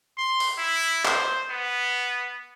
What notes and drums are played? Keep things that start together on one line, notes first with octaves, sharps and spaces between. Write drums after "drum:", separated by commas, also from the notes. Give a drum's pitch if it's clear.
C6
drum: open hi-hat
E4
C5, drum: clap
B3